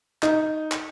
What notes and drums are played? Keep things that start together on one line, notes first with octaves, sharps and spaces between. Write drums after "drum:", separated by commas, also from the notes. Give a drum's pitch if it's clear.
D#4, drum: clap
drum: clap